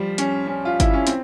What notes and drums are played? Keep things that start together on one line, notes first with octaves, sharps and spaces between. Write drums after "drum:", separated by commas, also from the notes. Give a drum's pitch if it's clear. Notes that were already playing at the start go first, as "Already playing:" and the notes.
Already playing: F3 G3
C#4, drum: hi-hat
C#4
F4
E4, drum: kick G1, hi-hat
C#4
C4, drum: hi-hat